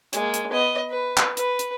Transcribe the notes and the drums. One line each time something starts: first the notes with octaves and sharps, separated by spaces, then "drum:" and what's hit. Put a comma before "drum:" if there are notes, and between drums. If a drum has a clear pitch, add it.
G#3 A#3, drum: hi-hat
drum: hi-hat
B3 D#5
B4
drum: clap
B4, drum: hi-hat
drum: hi-hat